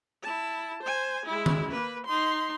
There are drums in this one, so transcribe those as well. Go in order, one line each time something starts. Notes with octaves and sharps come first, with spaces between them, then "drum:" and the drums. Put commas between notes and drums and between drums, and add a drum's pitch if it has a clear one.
E4 A5
C5 G#5
G#3 E4
drum: tom D#3
A#3 B4
D#4 C6